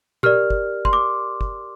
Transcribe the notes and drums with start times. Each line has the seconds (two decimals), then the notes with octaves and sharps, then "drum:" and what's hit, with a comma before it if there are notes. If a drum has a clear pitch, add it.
0.23 G4 A#4 D5 F6, drum: tom A#2
0.50 drum: kick
0.85 C6, drum: kick
0.93 D6
1.41 drum: kick